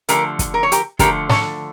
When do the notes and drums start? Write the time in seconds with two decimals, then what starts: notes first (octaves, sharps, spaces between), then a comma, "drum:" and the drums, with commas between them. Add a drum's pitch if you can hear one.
0.09 D3 F3 A3 G4 A#4, drum: hi-hat
0.39 drum: kick, hi-hat
0.54 A#4
0.63 C#5
0.72 G4 A#4, drum: hi-hat
0.99 D3 F3 A3 G4 A#4, drum: kick, hi-hat
1.29 A4 C#5, drum: snare